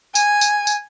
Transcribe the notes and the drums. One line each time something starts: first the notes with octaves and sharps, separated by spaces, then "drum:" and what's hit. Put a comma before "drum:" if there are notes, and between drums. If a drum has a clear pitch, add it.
G#5, drum: tambourine
drum: tambourine
drum: tambourine